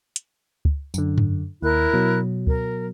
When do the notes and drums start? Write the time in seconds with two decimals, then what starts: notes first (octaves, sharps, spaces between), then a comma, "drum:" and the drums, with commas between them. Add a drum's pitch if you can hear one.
0.16 drum: hi-hat
0.65 drum: kick C#2
0.94 F#2 D3, drum: tambourine
1.18 drum: tom G2
1.62 D#2 E4 A#4 F#6
1.93 B2 F#3
2.47 A#4, drum: kick C#2